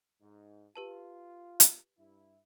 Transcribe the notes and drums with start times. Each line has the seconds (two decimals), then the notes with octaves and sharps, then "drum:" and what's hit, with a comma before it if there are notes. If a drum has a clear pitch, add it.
0.21 G#2 D#4
0.76 F4 G4 B4 A5
1.60 drum: hi-hat
1.98 G2 E4